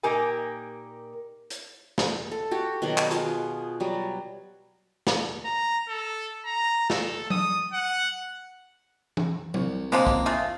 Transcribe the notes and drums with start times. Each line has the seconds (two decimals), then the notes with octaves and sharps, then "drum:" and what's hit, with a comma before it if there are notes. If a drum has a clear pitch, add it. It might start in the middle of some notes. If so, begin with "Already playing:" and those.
0.03 A#2 A#3 D#4 G4 A#4 G#5
1.50 drum: hi-hat
1.98 drum: snare
2.31 A4
2.51 F#4 G4
2.82 B2 D#3 F#3 B3
2.97 drum: clap
3.11 F4 G#4, drum: hi-hat
3.80 F#3 G3
5.07 drum: snare
5.45 A#5
5.89 A4
6.46 A#5
6.90 A4, drum: snare
7.30 D#6, drum: tom F#3
7.73 F#5
9.17 drum: tom E3
9.54 C2, drum: tom F#3
9.92 D3 F3 G#3 A#3 C4
10.07 drum: kick
10.26 G#3 A3 F4